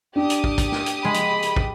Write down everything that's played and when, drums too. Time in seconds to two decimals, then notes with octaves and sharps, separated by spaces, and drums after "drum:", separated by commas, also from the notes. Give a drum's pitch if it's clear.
0.16 D4 G4 D#6
0.30 drum: hi-hat
0.44 drum: kick
0.58 drum: kick, hi-hat
0.72 drum: snare
0.86 drum: hi-hat
1.05 G#3 B5
1.14 drum: hi-hat
1.42 drum: hi-hat
1.56 drum: kick